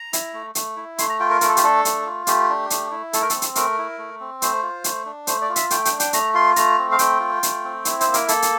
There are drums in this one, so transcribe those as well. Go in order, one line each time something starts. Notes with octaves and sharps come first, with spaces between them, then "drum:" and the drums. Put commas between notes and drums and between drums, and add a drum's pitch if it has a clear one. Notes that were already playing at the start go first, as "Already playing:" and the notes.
Already playing: A#5
E4, drum: hi-hat
A3
A3, drum: hi-hat
E4
A3 C6, drum: hi-hat
A#5
F4 G5
A#4
A3 A#4, drum: hi-hat
A4
G4, drum: hi-hat
D4 A4
A3, drum: hi-hat
F4
A3 G4, drum: hi-hat
D4
A3, drum: hi-hat
E4
A3 A4, drum: hi-hat
A#4
C4 A4, drum: hi-hat
drum: hi-hat
A3 A#4, drum: hi-hat
E4
A3
C4
A3 C5, drum: hi-hat
F4
A3, drum: hi-hat
D4
A3 C5, drum: hi-hat
D5
F4
E5, drum: hi-hat
A3 G5, drum: hi-hat
G5, drum: hi-hat
D4
G5, drum: hi-hat
A3 A#5, drum: hi-hat
F4 C6
A3 A#5, drum: hi-hat
C4
F5
A3 G5, drum: hi-hat
F4
A3, drum: hi-hat
C4
E4, drum: hi-hat
C5, drum: hi-hat
A#3
A#4, drum: hi-hat
A#3 A4, drum: hi-hat
drum: hi-hat